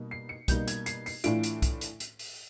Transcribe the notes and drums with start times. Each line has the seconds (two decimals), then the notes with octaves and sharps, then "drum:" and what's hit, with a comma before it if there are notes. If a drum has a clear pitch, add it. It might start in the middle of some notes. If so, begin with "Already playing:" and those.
Already playing: B2 G3 A#3 D#4
0.11 C7
0.29 C#7
0.48 B2 G3 A#3 D#4 G6, drum: kick B1, hi-hat
0.68 G#6, drum: hi-hat
0.86 C7, drum: hi-hat
1.06 C7, drum: open hi-hat
1.24 A2 E3 A3 D4 F4 D7, drum: hi-hat
1.43 drum: hi-hat
1.62 drum: kick B1, hi-hat
1.81 drum: hi-hat
2.00 drum: hi-hat
2.19 drum: open hi-hat